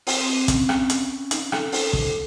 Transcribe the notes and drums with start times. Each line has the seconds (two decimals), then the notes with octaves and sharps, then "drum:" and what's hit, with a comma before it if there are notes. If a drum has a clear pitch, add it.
0.07 C4, drum: open hi-hat
0.21 C4
0.35 C4
0.48 C#4, drum: kick, hi-hat
0.69 drum: rim click
0.90 drum: hi-hat
1.31 D#4, drum: hi-hat
1.52 A4, drum: rim click
1.72 A4, drum: open hi-hat
1.93 drum: kick